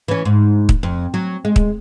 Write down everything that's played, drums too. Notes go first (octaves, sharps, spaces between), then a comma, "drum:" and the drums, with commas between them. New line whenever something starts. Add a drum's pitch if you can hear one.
E3 C#4
G#2
drum: kick
F2
F#3
G#3
drum: kick